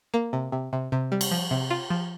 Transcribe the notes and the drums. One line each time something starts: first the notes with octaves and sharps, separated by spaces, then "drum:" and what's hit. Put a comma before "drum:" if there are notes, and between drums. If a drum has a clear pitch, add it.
A#3
C3
C3
C3
C3
G3
drum: cymbal
F3
C3
F4
F3